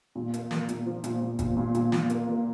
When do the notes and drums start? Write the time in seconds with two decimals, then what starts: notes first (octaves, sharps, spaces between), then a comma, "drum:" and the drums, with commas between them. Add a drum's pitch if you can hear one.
0.15 A#2
0.34 A#3, drum: hi-hat
0.51 A#3, drum: snare
0.69 A#2, drum: hi-hat
0.86 F3
1.04 A#2, drum: hi-hat
1.21 A#2
1.39 A#2, drum: kick, hi-hat
1.57 A#2
1.75 A#2, drum: hi-hat
1.92 A#2, drum: snare
2.10 A#3, drum: hi-hat
2.27 A#3